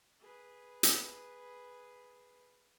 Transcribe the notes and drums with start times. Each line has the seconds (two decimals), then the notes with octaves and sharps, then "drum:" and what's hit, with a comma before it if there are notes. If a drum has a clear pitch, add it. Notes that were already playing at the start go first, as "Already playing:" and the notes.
0.20 G#4 B4
0.83 drum: hi-hat